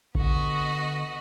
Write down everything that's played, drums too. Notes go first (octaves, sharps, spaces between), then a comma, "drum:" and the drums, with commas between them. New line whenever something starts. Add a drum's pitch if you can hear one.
D3 B3 F#4 D#5, drum: kick A1